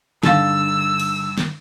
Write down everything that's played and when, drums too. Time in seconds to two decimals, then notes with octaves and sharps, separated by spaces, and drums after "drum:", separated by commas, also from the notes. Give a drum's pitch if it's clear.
0.23 G2 D3 D#4 F5 E6 A6, drum: snare
1.00 drum: cymbal
1.38 drum: snare